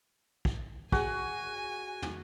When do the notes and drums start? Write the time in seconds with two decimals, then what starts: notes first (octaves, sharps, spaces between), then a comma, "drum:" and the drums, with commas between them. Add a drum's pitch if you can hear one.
0.45 drum: kick
0.92 F#4 G#4 G#5, drum: kick
2.02 drum: tom